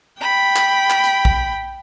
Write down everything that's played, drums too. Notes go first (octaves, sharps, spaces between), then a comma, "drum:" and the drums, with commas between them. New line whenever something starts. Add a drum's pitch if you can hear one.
G5 B5
drum: clap
drum: clap
drum: hi-hat
drum: kick